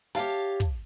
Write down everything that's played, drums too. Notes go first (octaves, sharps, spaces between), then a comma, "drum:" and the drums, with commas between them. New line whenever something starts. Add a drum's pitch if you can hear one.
G4 C#5 F5 A5, drum: hi-hat
drum: kick, hi-hat